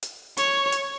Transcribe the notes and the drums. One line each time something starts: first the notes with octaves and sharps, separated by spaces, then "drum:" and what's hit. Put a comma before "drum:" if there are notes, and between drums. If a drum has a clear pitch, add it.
drum: hi-hat
C#5, drum: hi-hat
drum: hi-hat